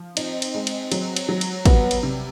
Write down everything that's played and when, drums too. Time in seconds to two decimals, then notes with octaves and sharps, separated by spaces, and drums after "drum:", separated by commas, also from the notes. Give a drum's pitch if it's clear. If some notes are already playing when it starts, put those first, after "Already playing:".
Already playing: F3
0.17 C4 D#4, drum: cymbal
0.42 drum: cymbal
0.55 G#3
0.67 drum: cymbal
0.92 F#3, drum: cymbal
1.16 drum: cymbal
1.29 F#3
1.41 drum: cymbal
1.65 G3 B3, drum: kick, cymbal
1.91 drum: cymbal
2.03 C3